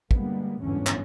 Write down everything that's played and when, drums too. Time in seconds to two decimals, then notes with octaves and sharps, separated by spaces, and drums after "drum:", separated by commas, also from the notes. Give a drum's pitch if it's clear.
0.11 D3 G3 G#3 A#3 B3, drum: kick
0.62 G1 E2 G#2 D3 E3 C#4
0.87 drum: clap